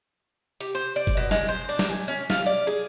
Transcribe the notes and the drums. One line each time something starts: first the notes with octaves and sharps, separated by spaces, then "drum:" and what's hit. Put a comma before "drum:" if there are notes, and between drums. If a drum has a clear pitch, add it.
G4, drum: hi-hat
C5
D5
drum: kick F#1, hi-hat
B2
G#3, drum: snare
C5
D4
drum: snare
G#5
C#4
F4, drum: snare
D5
G#4